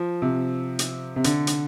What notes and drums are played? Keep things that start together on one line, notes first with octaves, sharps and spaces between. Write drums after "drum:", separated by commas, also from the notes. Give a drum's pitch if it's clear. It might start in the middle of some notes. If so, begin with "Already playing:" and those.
Already playing: F3
C3
drum: hi-hat
C3
D3, drum: hi-hat
drum: hi-hat